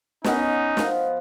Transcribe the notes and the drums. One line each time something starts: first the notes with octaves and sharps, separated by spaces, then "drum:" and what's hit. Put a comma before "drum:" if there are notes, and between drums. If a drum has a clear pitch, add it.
B3 C#4 D#4 D#5 F#5, drum: snare
F3, drum: snare